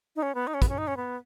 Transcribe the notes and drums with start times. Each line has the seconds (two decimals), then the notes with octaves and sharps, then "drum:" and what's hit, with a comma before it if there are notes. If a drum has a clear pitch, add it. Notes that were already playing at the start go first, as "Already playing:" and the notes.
0.16 D#4
0.23 C#4
0.35 B3
0.47 D#4
0.54 C#4
0.62 B3, drum: kick, hi-hat
0.69 C#4
0.78 D#4
0.87 C#4
0.97 B3